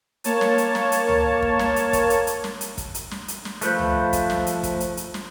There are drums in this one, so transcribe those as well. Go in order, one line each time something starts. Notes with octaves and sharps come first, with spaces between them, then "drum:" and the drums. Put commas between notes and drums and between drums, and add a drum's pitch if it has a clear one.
A#3 C#5 A5, drum: hi-hat
drum: snare
drum: hi-hat
drum: snare
drum: hi-hat
drum: tom C#2
drum: kick
drum: snare
drum: hi-hat
drum: kick, hi-hat
drum: hi-hat
drum: hi-hat
drum: snare
drum: hi-hat
drum: kick, hi-hat
drum: hi-hat
drum: snare
drum: hi-hat
drum: snare
F3 A3 B4 C5, drum: hi-hat
drum: tom C#2
drum: kick, hi-hat
drum: snare
drum: hi-hat
drum: kick, hi-hat
drum: hi-hat
drum: hi-hat
drum: snare